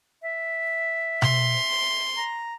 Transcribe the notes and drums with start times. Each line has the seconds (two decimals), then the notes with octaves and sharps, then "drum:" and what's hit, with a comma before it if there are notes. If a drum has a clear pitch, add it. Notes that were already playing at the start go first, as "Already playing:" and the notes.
0.22 E5
1.22 C6, drum: tom B2
2.16 A#5